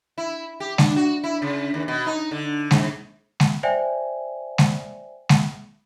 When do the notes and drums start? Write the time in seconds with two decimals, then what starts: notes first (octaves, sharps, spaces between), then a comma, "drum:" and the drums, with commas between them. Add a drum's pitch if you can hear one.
0.18 E4
0.60 G4
0.78 D4, drum: snare G#3
0.96 F#4
1.24 E4
1.42 C#3
1.74 D#2
1.88 B2
2.06 D#4
2.31 D3
2.71 G#2, drum: snare G#3
3.40 drum: snare G#3
3.63 C5 D5 E5 G5 G#5
4.58 drum: snare G#3
5.29 drum: snare G#3